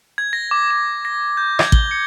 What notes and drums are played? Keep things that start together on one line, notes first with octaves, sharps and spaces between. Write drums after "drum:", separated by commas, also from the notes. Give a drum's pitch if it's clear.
G#6
A#6
D6
D6
A#6
G6
G#6, drum: rim click
G7, drum: kick
C#7